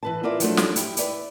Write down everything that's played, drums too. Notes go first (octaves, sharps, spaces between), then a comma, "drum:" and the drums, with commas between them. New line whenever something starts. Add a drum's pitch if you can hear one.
E3 B4 A5
E4 F4 A#4 D5 E5 F5
F3 F#3 A3 D4, drum: hi-hat
drum: snare
E4 G4, drum: hi-hat
B4 D5 E5, drum: hi-hat